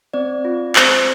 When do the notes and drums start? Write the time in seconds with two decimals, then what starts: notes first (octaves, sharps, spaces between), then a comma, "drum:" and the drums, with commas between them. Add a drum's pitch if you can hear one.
0.14 C4 D5
0.45 F4
0.76 C4 C5, drum: clap